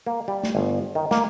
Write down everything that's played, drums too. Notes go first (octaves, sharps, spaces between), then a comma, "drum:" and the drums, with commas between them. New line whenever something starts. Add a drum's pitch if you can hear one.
A#3
G3
drum: snare
G1
D#3
A#3, drum: snare